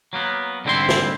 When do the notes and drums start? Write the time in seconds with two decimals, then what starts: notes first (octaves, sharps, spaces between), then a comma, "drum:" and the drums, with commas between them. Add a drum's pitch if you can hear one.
0.13 F#3 A#3 B3
0.65 G#2 D3 G3 C4 E4 C6
0.89 drum: snare